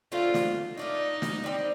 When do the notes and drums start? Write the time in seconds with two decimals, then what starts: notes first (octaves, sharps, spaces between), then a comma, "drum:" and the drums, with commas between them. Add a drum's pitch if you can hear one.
0.12 D3 A3 C4 F4
0.34 drum: snare
0.77 A3 D4 D#4 F4
1.22 drum: snare
1.44 G3 C4 G4